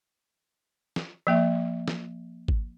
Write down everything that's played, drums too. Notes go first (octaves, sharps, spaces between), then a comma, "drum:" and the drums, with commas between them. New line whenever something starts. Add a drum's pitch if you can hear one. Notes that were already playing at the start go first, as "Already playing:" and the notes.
drum: snare
F3 A#3 E5
drum: snare
drum: kick G#1